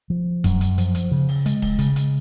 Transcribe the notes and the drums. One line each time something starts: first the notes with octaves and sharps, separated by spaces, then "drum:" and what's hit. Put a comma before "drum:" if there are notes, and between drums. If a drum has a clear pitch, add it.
F3
F#2, drum: kick, hi-hat
drum: hi-hat
F3, drum: hi-hat
drum: hi-hat
C#3
drum: open hi-hat
G#3, drum: hi-hat
drum: kick, open hi-hat
C#3, drum: hi-hat
drum: hi-hat